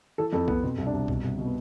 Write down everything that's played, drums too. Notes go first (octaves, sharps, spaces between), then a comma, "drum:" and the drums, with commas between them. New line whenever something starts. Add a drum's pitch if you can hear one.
E3 A4
F2 A4
F2 B3, drum: kick B1
B2 C4
C2
D4
C2
B2, drum: kick B1
C2
B2
B3